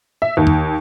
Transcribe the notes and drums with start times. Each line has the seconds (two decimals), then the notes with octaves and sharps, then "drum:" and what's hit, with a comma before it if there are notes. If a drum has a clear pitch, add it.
0.22 E5
0.37 D#2
0.47 drum: tom E2